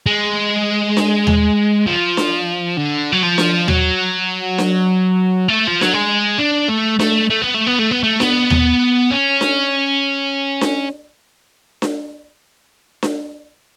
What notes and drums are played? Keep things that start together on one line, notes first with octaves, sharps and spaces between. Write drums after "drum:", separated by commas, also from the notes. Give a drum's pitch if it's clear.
G#3
drum: snare D4
drum: tom D#2
F3
drum: snare D4
D3
F#3
F3
drum: snare D4
F#3, drum: tom D#2
drum: snare D4
A3
F3
F#3, drum: snare D4
G#3
D4
A3
A3, drum: snare D4
A3
B3
A3
B3
A3
B3
A3
B3, drum: snare D4
drum: tom D#2
C#4
drum: snare D4
drum: snare D4
drum: snare D4
drum: snare D4